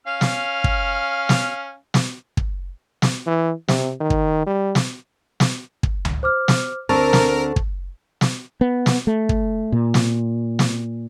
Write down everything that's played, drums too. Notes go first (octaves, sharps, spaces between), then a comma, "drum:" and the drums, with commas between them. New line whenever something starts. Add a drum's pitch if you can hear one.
C#4 F5 F6
drum: snare
drum: kick
drum: snare
drum: snare
drum: kick
drum: snare
E3
C3, drum: snare
D#3
drum: kick
G3
drum: snare
drum: snare
drum: kick
drum: tom C#2
C5 D6 F6
drum: snare
D2 D3 C4 A#4 A5 C#6 A6
drum: snare
drum: kick
drum: snare
B3
drum: snare
A3
drum: kick
A#2
drum: snare
drum: snare